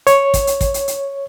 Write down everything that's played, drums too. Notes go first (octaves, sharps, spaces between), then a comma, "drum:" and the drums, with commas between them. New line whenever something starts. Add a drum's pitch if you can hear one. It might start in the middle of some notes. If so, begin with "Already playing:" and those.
C#5, drum: hi-hat
drum: kick, hi-hat
drum: hi-hat
drum: kick, hi-hat
drum: hi-hat
drum: hi-hat